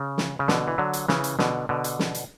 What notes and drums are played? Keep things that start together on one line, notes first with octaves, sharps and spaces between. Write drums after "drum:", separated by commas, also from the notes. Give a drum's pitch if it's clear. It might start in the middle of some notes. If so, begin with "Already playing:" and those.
Already playing: C#3
drum: snare
C#3
B2 D3, drum: snare
E3
D3 F#3
drum: hi-hat
C#3 E3, drum: snare
drum: hi-hat
B2 D3, drum: snare
B2 D3
drum: hi-hat
drum: snare
drum: hi-hat